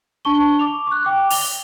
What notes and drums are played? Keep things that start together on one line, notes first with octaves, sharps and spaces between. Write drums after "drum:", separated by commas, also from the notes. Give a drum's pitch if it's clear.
D4 A5 C#6 G7
D6 F7
C#6 F#6
G5 D6
F7 G7, drum: open hi-hat